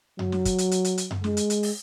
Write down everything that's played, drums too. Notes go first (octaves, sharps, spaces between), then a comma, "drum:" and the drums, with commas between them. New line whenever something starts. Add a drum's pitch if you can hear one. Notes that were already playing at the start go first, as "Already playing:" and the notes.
F#3, drum: tom F#2
drum: snare
drum: kick, hi-hat
drum: hi-hat
drum: hi-hat
drum: hi-hat
drum: hi-hat
drum: tom F#2
G#3, drum: snare
drum: hi-hat
drum: hi-hat
drum: open hi-hat